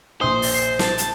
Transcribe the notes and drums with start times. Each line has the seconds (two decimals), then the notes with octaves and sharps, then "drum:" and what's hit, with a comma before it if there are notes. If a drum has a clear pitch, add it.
0.21 A#1 C5 C6 D#6
0.42 drum: open hi-hat
0.54 C7
0.79 A5, drum: snare
0.98 drum: hi-hat